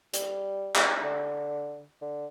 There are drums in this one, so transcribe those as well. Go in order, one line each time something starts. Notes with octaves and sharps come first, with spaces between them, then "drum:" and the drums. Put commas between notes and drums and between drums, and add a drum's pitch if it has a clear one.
G3, drum: hi-hat
drum: clap
D3
D3